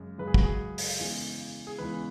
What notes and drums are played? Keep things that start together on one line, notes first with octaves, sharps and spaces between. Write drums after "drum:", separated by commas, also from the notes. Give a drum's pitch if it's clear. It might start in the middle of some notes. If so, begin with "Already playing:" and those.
Already playing: F#2 C#3 G#3
F#2 C#3 G#3 B4
G#4
F#4, drum: kick
G#4
drum: open hi-hat
E2 C#3 E3 G#3
G#4
E2 C#3 E3 G#3 B4